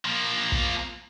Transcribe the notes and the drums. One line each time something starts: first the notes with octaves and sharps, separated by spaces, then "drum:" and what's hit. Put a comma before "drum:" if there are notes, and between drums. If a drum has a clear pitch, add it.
F3 A#3
drum: kick